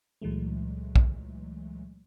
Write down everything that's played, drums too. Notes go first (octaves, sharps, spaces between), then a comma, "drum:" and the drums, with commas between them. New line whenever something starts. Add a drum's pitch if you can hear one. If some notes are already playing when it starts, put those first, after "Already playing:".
C#2 A#2 E3 F#3 G#3 A3
drum: kick A#1